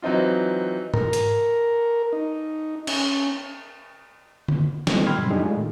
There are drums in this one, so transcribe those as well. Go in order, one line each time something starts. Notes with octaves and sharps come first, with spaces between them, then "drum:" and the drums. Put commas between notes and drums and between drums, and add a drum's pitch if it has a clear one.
E3 F#3 C4 D#4 F4
A#4, drum: tom G#2
drum: hi-hat
D#4
C#4, drum: cymbal
drum: tom D3
D3 D#3 G3 A3 B3 C4, drum: snare
G5 B5 C6 E6 F6 G#6
F#2 A#2 C#3 E3 G3
F#3 D4 D#4 G4 G#4 D#5
G#3 A3 F4
A2 D#3